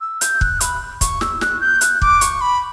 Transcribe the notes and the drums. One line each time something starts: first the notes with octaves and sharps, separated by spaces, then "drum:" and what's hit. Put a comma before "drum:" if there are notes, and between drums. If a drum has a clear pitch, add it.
E6
G6, drum: hi-hat
F#6, drum: kick
B5, drum: hi-hat
C#6, drum: kick, hi-hat
E6, drum: snare
F#6, drum: snare
G6
F#6, drum: hi-hat
D6, drum: kick
C#6, drum: hi-hat
B5